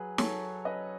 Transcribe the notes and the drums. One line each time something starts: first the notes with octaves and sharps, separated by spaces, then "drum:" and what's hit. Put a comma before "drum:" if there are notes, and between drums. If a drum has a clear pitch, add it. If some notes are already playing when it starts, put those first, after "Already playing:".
Already playing: F#3 G#4 B4
F#3 A4 C#5, drum: snare
C#4 B4 D#5